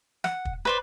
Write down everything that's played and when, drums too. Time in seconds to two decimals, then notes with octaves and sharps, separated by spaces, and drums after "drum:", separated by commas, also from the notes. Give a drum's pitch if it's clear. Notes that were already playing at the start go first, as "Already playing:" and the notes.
0.24 F#5, drum: snare
0.45 drum: kick
0.65 B4 C5 D5